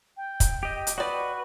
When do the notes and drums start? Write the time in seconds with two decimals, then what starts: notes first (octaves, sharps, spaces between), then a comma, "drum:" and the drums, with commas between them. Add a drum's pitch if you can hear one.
0.17 G5
0.40 drum: kick, hi-hat
0.63 G4 D#5
0.87 drum: hi-hat
0.98 F#4 B4 D5 D#5